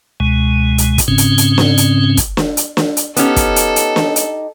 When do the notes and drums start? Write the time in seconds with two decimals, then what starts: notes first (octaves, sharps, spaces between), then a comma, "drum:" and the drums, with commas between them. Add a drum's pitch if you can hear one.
0.20 C#2 B2 G#3
0.78 drum: hi-hat
0.98 drum: kick, hi-hat
1.08 G#2 C#3 C4 C#4
1.18 drum: hi-hat
1.38 drum: hi-hat
1.58 drum: snare
1.78 drum: hi-hat
2.17 drum: kick, hi-hat
2.37 drum: snare
2.57 drum: hi-hat
2.77 drum: snare
2.97 drum: hi-hat
3.17 B3 C#4 D#4 G4 A4, drum: hi-hat
3.36 drum: kick, hi-hat
3.56 drum: hi-hat
3.76 drum: hi-hat
3.96 drum: snare
4.16 drum: hi-hat